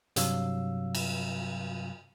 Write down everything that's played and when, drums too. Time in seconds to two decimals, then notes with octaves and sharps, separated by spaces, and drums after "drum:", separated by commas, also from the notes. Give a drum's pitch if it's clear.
0.16 G2 C3 F#3 F5 E6, drum: hi-hat
0.95 drum: cymbal